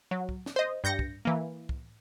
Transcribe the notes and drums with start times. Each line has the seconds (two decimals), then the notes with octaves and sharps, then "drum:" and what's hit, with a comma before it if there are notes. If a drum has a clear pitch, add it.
0.11 F#3
0.29 drum: kick
0.46 drum: snare
0.56 C5 D#5
0.84 G2 G6 A#6 C#7
0.99 drum: kick
1.25 E3 A#3
1.69 drum: kick